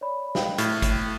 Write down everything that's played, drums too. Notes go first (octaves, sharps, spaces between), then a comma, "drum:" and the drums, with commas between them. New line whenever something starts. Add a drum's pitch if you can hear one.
C#5 D5 B5
D#5 F5 G5, drum: snare
A2 E4 F6 A6, drum: hi-hat
drum: kick, hi-hat